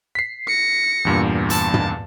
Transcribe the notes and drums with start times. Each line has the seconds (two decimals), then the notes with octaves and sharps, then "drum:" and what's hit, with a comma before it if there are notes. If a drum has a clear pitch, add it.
0.15 B6 C7
0.48 A#6 C#7
1.05 E2 G2 A#2
1.50 A5, drum: hi-hat
1.74 drum: tom